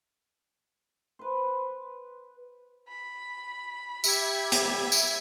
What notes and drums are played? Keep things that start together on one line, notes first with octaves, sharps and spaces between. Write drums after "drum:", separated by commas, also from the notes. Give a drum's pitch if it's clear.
B4 C5
B5
G4 E5 G#6, drum: tambourine
drum: hi-hat
drum: tambourine